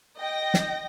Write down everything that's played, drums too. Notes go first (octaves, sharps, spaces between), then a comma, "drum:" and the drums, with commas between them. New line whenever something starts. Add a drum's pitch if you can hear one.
D#5 G5 A#6
drum: snare